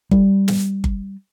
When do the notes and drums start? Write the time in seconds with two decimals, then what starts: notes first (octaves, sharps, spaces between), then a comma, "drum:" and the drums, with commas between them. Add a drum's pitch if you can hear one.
0.11 G3, drum: kick G1
0.48 drum: snare
0.84 drum: kick G1